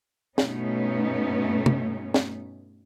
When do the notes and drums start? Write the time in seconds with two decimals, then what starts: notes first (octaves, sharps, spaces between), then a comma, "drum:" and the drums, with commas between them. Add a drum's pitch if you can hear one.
0.38 G2 B2 A3 B3 C#4 D#4, drum: snare
1.66 drum: tom
2.14 drum: snare